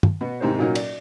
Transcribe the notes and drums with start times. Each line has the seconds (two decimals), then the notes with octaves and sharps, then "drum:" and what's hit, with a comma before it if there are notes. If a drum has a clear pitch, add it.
0.03 drum: tom G2
0.21 B2 B3 F#4
0.40 D#2 G#2 C3 D#4 C5
0.59 A#2 F#3 C#4 D#4 F#4 A#4
0.75 D5, drum: cymbal